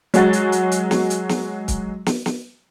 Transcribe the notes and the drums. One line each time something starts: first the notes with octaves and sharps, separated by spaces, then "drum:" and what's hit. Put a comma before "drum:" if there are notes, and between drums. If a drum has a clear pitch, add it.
F#3 G#3 F#4 A6, drum: hi-hat
drum: hi-hat
drum: hi-hat
drum: hi-hat
drum: snare
drum: hi-hat
drum: snare
drum: kick, hi-hat
drum: snare
drum: snare